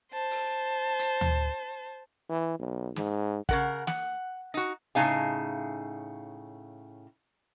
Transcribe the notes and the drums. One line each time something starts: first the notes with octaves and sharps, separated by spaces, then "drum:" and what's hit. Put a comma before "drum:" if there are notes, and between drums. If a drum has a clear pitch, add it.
C5 A5
drum: open hi-hat
drum: hi-hat
drum: tom D2
E3
B1
G#2, drum: snare
C#3 A#4 F#5, drum: kick
F#5, drum: snare
D#4 F#4
A2 C#3 D#4 F5 G#5, drum: hi-hat